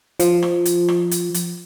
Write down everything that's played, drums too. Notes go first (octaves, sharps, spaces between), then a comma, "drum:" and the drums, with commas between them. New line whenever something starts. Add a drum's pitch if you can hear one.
F3, drum: hi-hat
drum: rim click
drum: hi-hat
drum: rim click
drum: hi-hat
drum: hi-hat